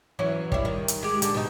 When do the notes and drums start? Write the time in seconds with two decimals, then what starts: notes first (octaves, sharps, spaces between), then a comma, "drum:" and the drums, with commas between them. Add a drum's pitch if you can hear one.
0.19 E3 F#3 C#4
0.52 G3 E4, drum: kick
0.65 D#3
0.88 drum: hi-hat
1.03 G#3 G4
1.22 D3, drum: hi-hat
1.34 B2 D#4